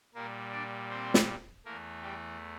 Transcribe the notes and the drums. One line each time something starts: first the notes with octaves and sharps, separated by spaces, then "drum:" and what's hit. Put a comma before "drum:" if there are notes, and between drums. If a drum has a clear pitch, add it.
A#2 G3 A#3 A#4
D4 D5
C4 C5
drum: snare
E2 E3 A3 A#3 A#4
G3 G4